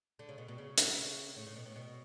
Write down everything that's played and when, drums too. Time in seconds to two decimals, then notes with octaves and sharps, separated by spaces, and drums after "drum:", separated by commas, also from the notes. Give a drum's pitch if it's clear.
0.19 D3
0.29 C#3
0.38 B2
0.48 B2
0.58 C#3
0.78 drum: hi-hat
1.37 A2
1.47 A2
1.56 B2
1.66 A2
1.76 B2